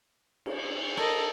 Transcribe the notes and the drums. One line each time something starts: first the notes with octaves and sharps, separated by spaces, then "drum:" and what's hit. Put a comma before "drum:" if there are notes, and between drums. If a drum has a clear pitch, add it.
drum: cymbal
A4 A#4 D#5, drum: rim click